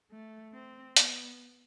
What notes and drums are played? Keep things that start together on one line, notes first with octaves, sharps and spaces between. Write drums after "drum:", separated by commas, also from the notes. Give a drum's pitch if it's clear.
A3
C4
B3, drum: hi-hat